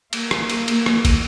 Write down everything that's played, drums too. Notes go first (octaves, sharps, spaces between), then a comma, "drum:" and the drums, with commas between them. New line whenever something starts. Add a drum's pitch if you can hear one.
A#3, drum: cymbal
drum: rim click
drum: cymbal
drum: cymbal
drum: rim click
drum: kick, cymbal